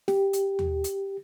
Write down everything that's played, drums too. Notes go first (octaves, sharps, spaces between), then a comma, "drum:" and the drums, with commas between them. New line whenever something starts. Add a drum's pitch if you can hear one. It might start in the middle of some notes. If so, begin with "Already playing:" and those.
G4, drum: snare
drum: hi-hat
drum: tom D#2
drum: hi-hat